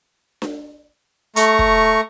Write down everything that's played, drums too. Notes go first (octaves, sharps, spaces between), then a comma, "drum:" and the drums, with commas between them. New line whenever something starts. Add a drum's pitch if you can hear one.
drum: snare D4
A3 A#5 C#6, drum: hi-hat
drum: kick